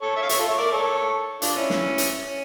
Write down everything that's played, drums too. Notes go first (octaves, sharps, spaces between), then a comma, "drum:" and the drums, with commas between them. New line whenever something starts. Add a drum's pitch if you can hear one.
A4 C#5
C#5 E5
F5
C#5 E5, drum: hi-hat
F4 A4
C#5 E5
A#4 D5
A4 C#5
D4 F4, drum: hi-hat
C#4 E4
drum: snare
drum: hi-hat
C#4